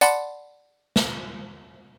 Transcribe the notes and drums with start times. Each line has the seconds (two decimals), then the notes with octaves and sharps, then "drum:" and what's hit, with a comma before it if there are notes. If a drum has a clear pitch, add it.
0.01 D5 F#5 A5 B5 C6 C#7, drum: tambourine
0.96 drum: snare